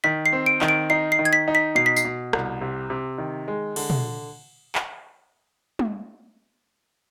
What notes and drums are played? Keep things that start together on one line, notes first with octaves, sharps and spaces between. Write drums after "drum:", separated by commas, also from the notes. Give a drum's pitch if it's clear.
D#3 B6
C7
C4
D7
D#3, drum: clap
D7
D#4 C7
C7
D#3
G#6, drum: hi-hat
B6
D#4
B6
B2 C7
B6
C7, drum: tambourine
B2
C2, drum: rim click
C3
C3
D#3
G#3
D3, drum: cymbal
drum: tom
drum: clap
drum: tom